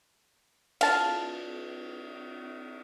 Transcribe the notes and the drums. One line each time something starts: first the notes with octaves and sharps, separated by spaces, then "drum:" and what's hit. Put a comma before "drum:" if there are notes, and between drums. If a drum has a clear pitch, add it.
F5 A5, drum: cymbal